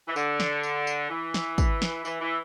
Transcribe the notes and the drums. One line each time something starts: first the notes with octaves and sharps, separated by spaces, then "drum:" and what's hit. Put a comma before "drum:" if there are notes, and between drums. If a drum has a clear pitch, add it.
E3
D3, drum: tambourine
drum: snare
drum: tambourine
drum: tambourine
E3
drum: snare
drum: kick, tambourine
drum: snare
E3, drum: tambourine
E3